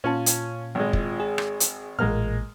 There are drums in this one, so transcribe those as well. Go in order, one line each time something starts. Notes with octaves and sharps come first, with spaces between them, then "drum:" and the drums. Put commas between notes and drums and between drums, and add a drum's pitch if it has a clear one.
A#2 C#4 F4 A5
drum: hi-hat
G#1 G#3
drum: kick
G#4
drum: rim click
drum: hi-hat
A1 A#2 G#3 A#3 F6